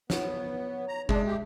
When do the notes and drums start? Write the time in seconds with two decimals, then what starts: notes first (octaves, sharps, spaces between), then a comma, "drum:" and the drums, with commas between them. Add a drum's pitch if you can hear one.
0.10 B3 C#5, drum: snare
0.88 A#5
1.09 G#3 D4 E5, drum: kick G1
1.26 G4